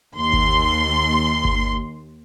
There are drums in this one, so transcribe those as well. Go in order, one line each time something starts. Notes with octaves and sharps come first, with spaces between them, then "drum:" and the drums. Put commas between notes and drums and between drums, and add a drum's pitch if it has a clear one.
D#2 C6
drum: kick G1
drum: kick G1